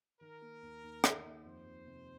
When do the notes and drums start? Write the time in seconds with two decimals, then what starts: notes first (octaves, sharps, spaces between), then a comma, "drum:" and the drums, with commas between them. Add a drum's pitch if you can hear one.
0.21 D#3 A#4
0.41 A#3
0.62 D#2
0.83 D#2
1.04 D#3, drum: rim click
1.24 D#2
1.44 F2 C5
1.65 F2
1.86 C3